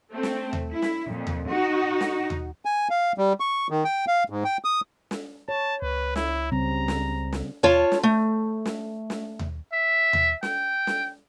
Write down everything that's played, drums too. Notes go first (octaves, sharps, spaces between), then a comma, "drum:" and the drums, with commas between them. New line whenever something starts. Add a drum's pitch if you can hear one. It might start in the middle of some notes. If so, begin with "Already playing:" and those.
A3 C4
drum: snare
drum: tom D#2
E4
drum: snare
F2 A#2
drum: tom D#2
D#4 F#4
drum: snare
drum: tom D#2
G#5
F5
G3
C#6
D#3
G5
F5
G#2
G5
D#6
drum: snare
C#5 A5
C#2 B4
E4, drum: snare
C#3 G3 C4 A#5
drum: snare
drum: snare
F4 C#5 A5, drum: tom D#2
drum: snare
A3
drum: snare
drum: snare
drum: tom D#2
E5
drum: tom D#2
G5, drum: snare
drum: snare